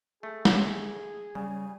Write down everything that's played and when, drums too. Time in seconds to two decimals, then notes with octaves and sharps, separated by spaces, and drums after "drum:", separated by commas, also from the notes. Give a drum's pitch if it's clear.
0.23 A3 G#4
0.45 drum: snare
1.35 C#3 G3 G#5